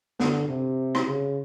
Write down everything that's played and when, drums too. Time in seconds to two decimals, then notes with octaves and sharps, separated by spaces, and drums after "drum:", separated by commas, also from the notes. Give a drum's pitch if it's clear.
0.20 D3, drum: snare
0.49 C3
0.95 drum: rim click
1.07 C#3